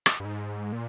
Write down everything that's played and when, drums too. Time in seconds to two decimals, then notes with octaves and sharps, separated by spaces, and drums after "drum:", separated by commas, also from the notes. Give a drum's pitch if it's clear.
0.06 drum: rim click
0.20 G2
0.25 G#2
0.72 A#2